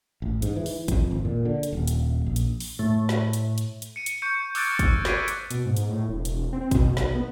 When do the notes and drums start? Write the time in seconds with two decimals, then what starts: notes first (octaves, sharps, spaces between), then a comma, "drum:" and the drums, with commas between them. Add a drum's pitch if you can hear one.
0.22 A1
0.42 G#2, drum: hi-hat
0.56 E3
0.66 drum: open hi-hat
0.88 F2, drum: kick, hi-hat
1.11 G#1
1.25 A#2
1.45 D3
1.63 drum: hi-hat
1.73 D#1
1.88 drum: hi-hat
2.26 A#1
2.36 drum: hi-hat
2.60 drum: open hi-hat
2.79 A2
3.09 drum: snare
3.33 drum: hi-hat
3.58 drum: hi-hat
3.82 drum: hi-hat
3.96 C#7 D#7
4.06 drum: hi-hat
4.22 C#6 G6 C#7 D#7
4.55 D6 E6 F#6 G#6 A6 D7, drum: open hi-hat
4.68 C#6 F6
4.79 drum: kick, hi-hat
5.05 D6 G#6 B6 C7 D7 D#7, drum: snare
5.28 drum: hi-hat
5.51 B2, drum: hi-hat
5.66 G#2
5.77 drum: hi-hat
5.89 A2
6.09 E1
6.25 drum: hi-hat
6.53 C4
6.71 B2, drum: kick, hi-hat
6.97 B1, drum: snare
7.15 B3